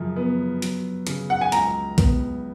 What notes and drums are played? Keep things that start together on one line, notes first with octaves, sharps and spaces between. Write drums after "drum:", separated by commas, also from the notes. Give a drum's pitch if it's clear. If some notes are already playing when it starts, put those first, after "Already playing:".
Already playing: F#2 C#3 F3
B3
F#3, drum: hi-hat
C#3, drum: hi-hat
F#5
G#5
C#2 A#5, drum: hi-hat
B3, drum: kick B1, hi-hat